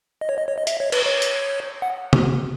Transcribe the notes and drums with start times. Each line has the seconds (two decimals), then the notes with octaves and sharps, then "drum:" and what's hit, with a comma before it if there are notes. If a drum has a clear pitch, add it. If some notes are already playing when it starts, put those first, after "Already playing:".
0.21 D#5
0.29 C#5
0.38 D#5
0.48 C#5
0.58 D#5
0.67 E5, drum: hi-hat
0.80 C#5
0.92 B4, drum: cymbal
1.06 C#5
1.22 drum: hi-hat
1.82 F#5
2.13 drum: tom C3